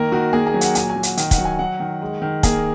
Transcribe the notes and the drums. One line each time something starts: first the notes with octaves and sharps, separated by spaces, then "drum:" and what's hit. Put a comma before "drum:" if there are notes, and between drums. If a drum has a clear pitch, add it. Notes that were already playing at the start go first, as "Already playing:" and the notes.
Already playing: D#3 A#3 A#4
D#3 F#4
A#3 G#4
G#4
F#3
F#5, drum: hi-hat
A#2 G#5, drum: hi-hat
G#5
F#3
F#5, drum: hi-hat
D#3, drum: hi-hat
F#5, drum: kick, hi-hat
F#3
G#5
F#3 F#5
D#3
G#3
D#3
A#3 G#4, drum: kick, hi-hat